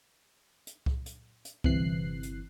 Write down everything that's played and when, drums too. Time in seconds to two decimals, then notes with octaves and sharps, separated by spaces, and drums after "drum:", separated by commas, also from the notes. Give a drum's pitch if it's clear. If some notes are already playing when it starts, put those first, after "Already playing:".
0.67 drum: hi-hat
0.86 drum: kick C2
1.06 drum: hi-hat
1.45 drum: hi-hat
1.64 G1 C3 E3 F#6 C7, drum: kick C2
2.23 drum: hi-hat